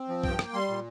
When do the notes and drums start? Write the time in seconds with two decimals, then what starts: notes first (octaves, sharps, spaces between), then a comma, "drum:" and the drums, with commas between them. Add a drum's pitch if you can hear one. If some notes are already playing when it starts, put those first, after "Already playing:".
Already playing: C4
0.09 F3
0.24 G2 G5, drum: kick
0.39 A#3, drum: rim click
0.53 G3 C6
0.69 A#2